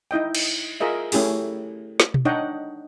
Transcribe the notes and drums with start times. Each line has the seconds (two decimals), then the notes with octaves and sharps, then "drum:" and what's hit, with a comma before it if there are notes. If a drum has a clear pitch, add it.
0.11 D#4 E4 D#5 G5
0.35 drum: cymbal
0.80 F4 G#4 A#4 D#5 E5
1.12 A3 C#4 E4 G4 G#4, drum: open hi-hat
2.00 drum: snare
2.14 drum: tom B2
2.25 D4 D#4 C#5 D#5 F#5 G5